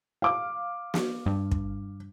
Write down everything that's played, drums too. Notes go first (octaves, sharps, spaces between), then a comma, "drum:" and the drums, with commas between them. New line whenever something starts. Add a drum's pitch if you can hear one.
F5 D6
drum: snare
G2
drum: kick